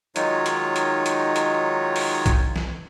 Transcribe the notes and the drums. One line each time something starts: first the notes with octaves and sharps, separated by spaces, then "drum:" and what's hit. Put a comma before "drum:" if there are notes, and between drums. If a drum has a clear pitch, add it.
D#3 F#3 G#3 D#4 F4 C#5, drum: hi-hat
drum: hi-hat
drum: hi-hat
drum: hi-hat
drum: hi-hat
drum: open hi-hat
drum: kick B1, hi-hat
drum: snare